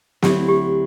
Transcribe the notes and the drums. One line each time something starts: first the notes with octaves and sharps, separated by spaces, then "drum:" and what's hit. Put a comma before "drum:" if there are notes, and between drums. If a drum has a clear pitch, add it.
D2 D3 F#3 C4 E4 G4, drum: snare
G4